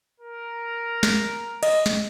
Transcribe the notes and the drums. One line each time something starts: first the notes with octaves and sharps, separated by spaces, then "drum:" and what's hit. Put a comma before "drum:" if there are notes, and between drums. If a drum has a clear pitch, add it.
A#4
drum: snare
D#5, drum: cymbal
drum: snare